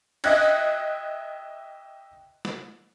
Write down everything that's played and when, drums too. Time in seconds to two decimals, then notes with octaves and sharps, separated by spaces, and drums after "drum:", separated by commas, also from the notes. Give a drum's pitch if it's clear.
0.24 D#5 E5 G5 F#6 G#6 A#6, drum: cymbal
2.45 drum: snare